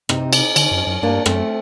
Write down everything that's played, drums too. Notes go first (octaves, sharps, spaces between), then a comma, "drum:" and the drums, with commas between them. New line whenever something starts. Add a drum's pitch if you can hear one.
C3 C4 D#4, drum: rim click
drum: cymbal
D3, drum: cymbal
F#2
F#2
G2 A#3 D4
F#2 A3 C4, drum: rim click